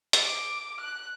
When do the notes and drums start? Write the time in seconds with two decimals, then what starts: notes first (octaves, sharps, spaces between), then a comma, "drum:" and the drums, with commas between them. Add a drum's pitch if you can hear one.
0.13 drum: hi-hat
0.23 D6
0.81 F#6